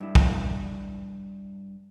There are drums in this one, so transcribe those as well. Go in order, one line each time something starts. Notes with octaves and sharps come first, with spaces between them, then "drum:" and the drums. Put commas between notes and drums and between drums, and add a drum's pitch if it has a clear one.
G2 E4
drum: kick